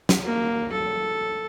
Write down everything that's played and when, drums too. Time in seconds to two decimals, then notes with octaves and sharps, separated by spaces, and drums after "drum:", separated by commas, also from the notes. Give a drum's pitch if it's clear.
0.09 drum: snare
0.25 A#3
0.72 A4